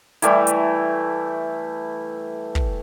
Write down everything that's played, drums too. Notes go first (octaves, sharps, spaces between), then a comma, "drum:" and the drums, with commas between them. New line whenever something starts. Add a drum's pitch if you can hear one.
E3 G3 A3 E4, drum: hi-hat
drum: hi-hat
drum: kick